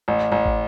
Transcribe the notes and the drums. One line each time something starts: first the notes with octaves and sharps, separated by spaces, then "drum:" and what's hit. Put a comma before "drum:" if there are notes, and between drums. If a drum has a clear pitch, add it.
A1
A1
drum: kick